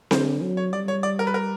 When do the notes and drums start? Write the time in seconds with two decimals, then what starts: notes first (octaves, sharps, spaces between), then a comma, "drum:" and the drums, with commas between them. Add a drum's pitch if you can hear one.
0.11 D3 C5, drum: snare C4
0.41 F#3
0.57 C#5
0.72 G3 D5
0.88 C#5
1.03 D5
1.19 A#4
1.27 B4
1.34 A#4